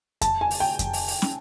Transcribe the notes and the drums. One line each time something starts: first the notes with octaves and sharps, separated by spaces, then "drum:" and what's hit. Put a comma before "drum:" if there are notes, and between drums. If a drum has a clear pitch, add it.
A5, drum: kick F2, hi-hat
G#5
drum: open hi-hat
G5
drum: kick F2, hi-hat
drum: open hi-hat
drum: open hi-hat
drum: snare